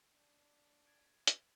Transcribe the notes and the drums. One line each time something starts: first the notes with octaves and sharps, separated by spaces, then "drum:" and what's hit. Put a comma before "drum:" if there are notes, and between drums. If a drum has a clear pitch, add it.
D4
G#6 A6 D7
drum: hi-hat